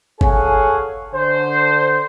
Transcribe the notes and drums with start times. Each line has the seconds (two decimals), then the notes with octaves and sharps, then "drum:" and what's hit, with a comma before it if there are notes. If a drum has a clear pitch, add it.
0.21 G#4 A4 C#5 F5 F#5 G#5, drum: kick G1
1.13 D3 C5